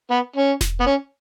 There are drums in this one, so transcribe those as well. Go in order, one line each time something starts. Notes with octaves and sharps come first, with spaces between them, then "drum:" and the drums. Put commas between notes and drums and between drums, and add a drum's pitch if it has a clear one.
B3
C#4
drum: snare E1
B3
C#4